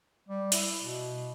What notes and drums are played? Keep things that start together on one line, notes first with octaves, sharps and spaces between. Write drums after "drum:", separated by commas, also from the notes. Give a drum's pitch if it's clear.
G3
E4, drum: hi-hat
B2